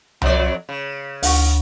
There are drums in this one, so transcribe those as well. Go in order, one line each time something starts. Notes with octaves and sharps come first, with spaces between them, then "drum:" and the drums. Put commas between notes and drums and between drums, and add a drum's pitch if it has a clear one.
F2 F#3 D5, drum: tom C2
C#3
D2 F#5 C#6, drum: open hi-hat